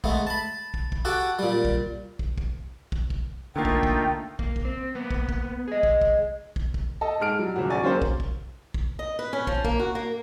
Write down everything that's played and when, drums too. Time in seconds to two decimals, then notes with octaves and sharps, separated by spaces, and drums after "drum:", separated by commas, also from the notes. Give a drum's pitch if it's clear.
0.04 G#3 A3 B3, drum: kick
0.27 A5 B5
0.74 drum: kick
0.92 drum: kick
1.05 F#4 G4 A4 F#5 G5
1.39 A#2 G3
1.65 drum: kick
2.19 drum: kick
2.38 drum: kick
2.92 drum: kick
3.10 drum: kick
3.56 D3 A3 A#3 D#4 F4 G5
3.65 drum: kick
3.83 drum: kick
4.39 A#3, drum: kick
4.56 drum: kick
4.65 C4
4.95 A#3 B3
5.11 drum: kick
5.29 drum: kick
5.68 G#4 D#5
5.83 drum: kick
6.01 drum: kick
6.56 drum: kick
6.74 drum: kick
7.01 A4 D#5 A5
7.20 G#2 G#4 F6 D7
7.39 F#3 G3
7.56 D#1 C#3 F#3 F#4
7.70 C#4 D5 G#5 C#6 A6
7.83 F#3 A#3 C#4 G#4 C5
8.02 drum: kick
8.20 drum: kick
8.74 drum: kick
8.99 D#5
9.19 B4
9.33 C#4
9.47 F3, drum: kick
9.64 A#3, drum: kick
9.79 F#4
9.95 A#3